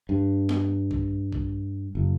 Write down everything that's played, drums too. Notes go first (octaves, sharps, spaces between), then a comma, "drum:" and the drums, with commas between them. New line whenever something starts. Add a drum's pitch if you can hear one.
G2
drum: snare
drum: kick A#1
drum: kick A#1
F#1